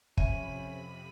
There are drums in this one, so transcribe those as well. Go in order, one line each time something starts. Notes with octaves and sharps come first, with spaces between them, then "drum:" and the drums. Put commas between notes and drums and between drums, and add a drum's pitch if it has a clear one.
F2 C3 C#4 E5 B5 D#7, drum: kick